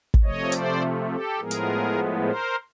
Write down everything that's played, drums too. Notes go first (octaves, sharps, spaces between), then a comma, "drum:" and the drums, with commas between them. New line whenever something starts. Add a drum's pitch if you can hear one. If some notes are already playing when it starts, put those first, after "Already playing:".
drum: kick
C3 F3 A3 C#5 D#5
C5 D5, drum: hi-hat
G4 A4
A2 F3 G#3 B3 G#4 A#4
drum: hi-hat
A#4 C5